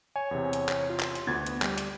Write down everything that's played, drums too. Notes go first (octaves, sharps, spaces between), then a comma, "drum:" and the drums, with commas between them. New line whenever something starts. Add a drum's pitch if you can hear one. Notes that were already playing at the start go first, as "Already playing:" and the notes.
C#5 G#5
E2 C3
drum: hi-hat
drum: clap
F4
drum: clap
drum: hi-hat
D2 B3 G#6 A6
drum: hi-hat
G3, drum: clap
drum: hi-hat